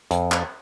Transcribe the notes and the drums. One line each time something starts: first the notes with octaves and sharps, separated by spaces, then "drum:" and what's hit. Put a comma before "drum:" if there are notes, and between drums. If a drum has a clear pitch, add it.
F2, drum: hi-hat
drum: clap